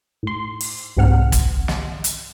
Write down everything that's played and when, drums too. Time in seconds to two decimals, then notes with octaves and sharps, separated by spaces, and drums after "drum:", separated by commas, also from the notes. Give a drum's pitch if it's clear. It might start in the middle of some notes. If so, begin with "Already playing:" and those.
0.23 A2 C6
0.61 drum: open hi-hat
0.96 C2 G#2 C4 F#5 F6
1.32 drum: kick, hi-hat
1.68 drum: snare
2.04 drum: hi-hat